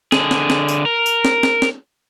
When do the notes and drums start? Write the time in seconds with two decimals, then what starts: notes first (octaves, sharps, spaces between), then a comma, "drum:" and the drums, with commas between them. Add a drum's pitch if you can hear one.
0.12 D3 G#4, drum: snare
0.31 drum: snare
0.50 drum: snare
0.68 drum: tambourine
0.85 A#4
1.06 drum: tambourine
1.25 drum: snare
1.43 drum: snare
1.62 drum: snare